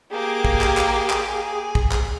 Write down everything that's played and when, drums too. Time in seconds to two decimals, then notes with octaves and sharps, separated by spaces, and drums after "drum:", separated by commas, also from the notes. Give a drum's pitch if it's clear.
0.12 A#3 G4 G#4 D6
0.45 drum: kick A#1
0.61 drum: clap
0.77 drum: clap
1.10 drum: clap
1.75 drum: kick A#1
1.92 drum: clap